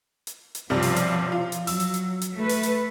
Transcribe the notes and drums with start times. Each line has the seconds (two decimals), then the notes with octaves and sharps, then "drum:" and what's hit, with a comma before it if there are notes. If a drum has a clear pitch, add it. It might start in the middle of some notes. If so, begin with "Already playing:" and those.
0.27 drum: hi-hat
0.55 drum: hi-hat
0.70 B1 G2 C3 F3
0.82 drum: open hi-hat
0.96 drum: hi-hat
1.32 F4
1.52 drum: hi-hat
1.67 F#3 E6, drum: open hi-hat
1.80 drum: hi-hat
1.94 drum: hi-hat
2.21 drum: hi-hat
2.35 A3 B4
2.49 drum: open hi-hat
2.63 drum: hi-hat